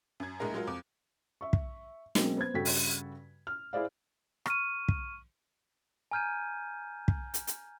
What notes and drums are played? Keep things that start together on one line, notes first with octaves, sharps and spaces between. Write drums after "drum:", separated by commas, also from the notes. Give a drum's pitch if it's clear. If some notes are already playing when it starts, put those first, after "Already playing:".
F#2 G#6
A#1 A2 G#3 A#4 A#5
F#3 G#3 F4 A#4
F2 D6
E5 C#6
drum: kick
B2 F#3 G#3 A#3 C4 C#4, drum: snare
B3 C5 G#6
G2 C#3 F#4 A4 G5 B6
drum: open hi-hat
F6
E4 G#4 C5 D5 F5
C#6 F6 D#7, drum: rim click
drum: kick
G#5 A#5 F6 G6 G#6 D#7
drum: kick
drum: hi-hat
drum: hi-hat